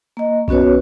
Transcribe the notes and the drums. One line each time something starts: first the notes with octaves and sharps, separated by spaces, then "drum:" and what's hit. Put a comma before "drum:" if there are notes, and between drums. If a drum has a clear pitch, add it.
A#3 D#5
B3 C#4 F#4 B4 C#5, drum: kick B1